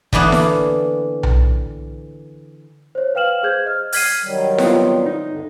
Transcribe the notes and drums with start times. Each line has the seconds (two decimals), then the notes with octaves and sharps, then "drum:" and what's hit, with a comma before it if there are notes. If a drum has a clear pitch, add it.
0.13 D3 E3 A#3 B3 D4, drum: kick
0.32 drum: snare E4
1.23 drum: tom B1
2.95 C5 C#5
3.15 B4 F5 G5 F6 E7 F#7
3.43 G#4 C5 G6 G#6
3.66 D#5 F6
3.93 F6 G#6 B6 C7 D#7, drum: open hi-hat
4.24 D#3 F#3 G3
4.58 B3 C4 F4, drum: snare E4
5.06 D#4
5.29 D2 G2 D3